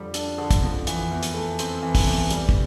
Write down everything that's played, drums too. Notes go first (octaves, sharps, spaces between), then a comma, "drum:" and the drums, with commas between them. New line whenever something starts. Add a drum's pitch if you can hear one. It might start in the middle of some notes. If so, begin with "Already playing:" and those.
Already playing: F2 D3 G3
D4, drum: hi-hat
D3
drum: kick, hi-hat
F2
E3, drum: hi-hat
E2
drum: hi-hat
A3
C4, drum: hi-hat
E3
drum: kick, open hi-hat
E2
G3, drum: hi-hat
drum: kick